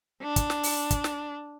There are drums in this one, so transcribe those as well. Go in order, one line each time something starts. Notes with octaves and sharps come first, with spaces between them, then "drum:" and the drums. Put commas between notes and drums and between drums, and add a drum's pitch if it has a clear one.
D4
drum: kick, hi-hat
drum: snare
drum: open hi-hat
drum: kick, hi-hat
drum: snare